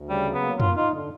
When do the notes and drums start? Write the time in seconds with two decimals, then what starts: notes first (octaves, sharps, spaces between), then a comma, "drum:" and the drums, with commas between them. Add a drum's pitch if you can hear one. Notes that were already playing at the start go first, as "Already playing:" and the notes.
Already playing: D2
0.09 C#3 G3
0.27 F#3
0.34 B3
0.43 A#3
0.60 A#3 F4, drum: tom
0.76 D#4 F4
0.94 D3